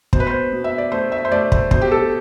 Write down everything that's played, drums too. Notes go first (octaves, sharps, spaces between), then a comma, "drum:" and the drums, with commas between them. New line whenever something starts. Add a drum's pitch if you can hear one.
B2 C5, drum: kick
B4
C5
B2
E5
D5
A3 C5
E5
C5
A3 D5
C5, drum: kick
B2 C5, drum: kick
G4
A4